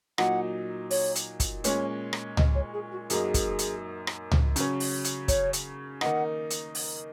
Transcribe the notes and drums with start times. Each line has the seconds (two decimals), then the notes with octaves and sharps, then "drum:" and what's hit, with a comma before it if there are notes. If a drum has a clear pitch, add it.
0.18 A#2 F#3 D#4 F#5, drum: rim click
0.91 C#5, drum: open hi-hat
1.15 drum: hi-hat
1.40 drum: kick, hi-hat
1.64 A#2 G#3 C#4 C#5, drum: hi-hat
2.13 drum: rim click
2.37 D#5, drum: tom C#2
2.55 C#5
2.74 G#4
2.92 F#4
3.10 F#2 F#3 A#3 D#4 G#4, drum: hi-hat
3.34 drum: kick, hi-hat
3.59 drum: hi-hat
4.07 drum: rim click
4.32 drum: tom C#2
4.56 C#3 F#3 C#4, drum: hi-hat
4.80 drum: open hi-hat
5.04 drum: hi-hat
5.28 C#5, drum: kick, hi-hat
5.53 drum: hi-hat
6.01 D#3 A#3 D#4 F#5, drum: rim click
6.50 drum: hi-hat
6.75 drum: open hi-hat